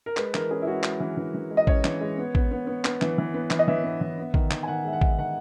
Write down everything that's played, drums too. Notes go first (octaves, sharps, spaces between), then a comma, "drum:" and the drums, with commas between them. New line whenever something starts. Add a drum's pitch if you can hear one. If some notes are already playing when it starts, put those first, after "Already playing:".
A#4
G#3 B4, drum: clap
E3 A#4, drum: clap
C#4 G#4
E4
G#3 F#4
G#3, drum: clap
E3
E3
E3
G#3
D#5
C#4 C#5, drum: kick A1
E3, drum: clap
G#3
B3
B3, drum: kick A1
B3
B3
B3, drum: clap
E3, drum: clap
E3
B3
E3, drum: clap
D#5
E3 E5
B3
E3
B3
D#3, drum: kick A1
D#3, drum: clap
G#5
D#3 F#5
G#3 E5
F#5
D#3, drum: kick A1
D#3 F#5